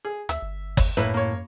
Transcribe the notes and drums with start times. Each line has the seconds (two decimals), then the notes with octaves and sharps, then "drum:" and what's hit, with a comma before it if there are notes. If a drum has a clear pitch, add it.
0.05 G#4
0.29 D2 E5, drum: hi-hat
0.42 G1
0.77 E2, drum: kick, open hi-hat
0.97 F#2 A2 A#3 E4 B4
1.14 A#3 C#5